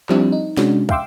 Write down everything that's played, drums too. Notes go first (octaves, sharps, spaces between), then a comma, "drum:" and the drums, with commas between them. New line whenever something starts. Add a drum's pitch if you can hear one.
F3 G3 C4 D4 E4, drum: clap
D#4
C3 G#3 C#4 D4 F#4, drum: snare
E5 F5 G5 C6 D6 E6, drum: kick